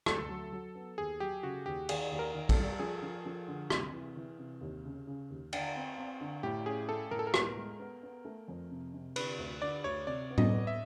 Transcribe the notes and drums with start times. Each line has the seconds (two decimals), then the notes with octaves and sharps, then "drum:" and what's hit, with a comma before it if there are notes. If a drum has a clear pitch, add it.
0.06 D2 A4, drum: rim click
0.29 F#3
0.52 F#3
0.75 B3
0.98 D#2 G#4
1.20 F#3 G4
1.43 C#3 F#4
1.66 D#2 G4
1.89 D#3 G#4, drum: cymbal
2.11 D#2
2.19 A#4
2.34 D#3
2.49 A4, drum: kick A#1, cymbal
2.56 G3
2.79 F3 G#4
3.03 F3
3.26 F3
3.48 D3
3.70 C3, drum: rim click
3.93 E3
4.17 E3
4.39 C3
4.61 D#2
4.85 C#3
5.07 C#3
5.30 D#2
5.53 D3, drum: cymbal
5.75 C4
5.98 C4
6.21 D3
6.43 A2 G4
6.66 C#4 G#4
6.89 A3 A4
7.11 A2 A#4
7.19 A4
7.27 A#4
7.34 B3, drum: rim click
7.57 G#3
7.79 B3
8.03 B3
8.25 A3
8.48 F2
8.71 C3
8.94 C3
9.16 D3 B4, drum: cymbal
9.38 D2
9.62 D3 D5
9.84 D2 C#5
10.07 C3 D5
10.30 B3
10.38 D#5, drum: tom A2
10.52 B3
10.67 E5